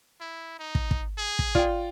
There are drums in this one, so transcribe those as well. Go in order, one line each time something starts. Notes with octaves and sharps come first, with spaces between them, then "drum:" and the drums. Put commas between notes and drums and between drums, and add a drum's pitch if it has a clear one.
E4
D#4
drum: kick
drum: kick
G#4
drum: kick
F4 D5 G5, drum: kick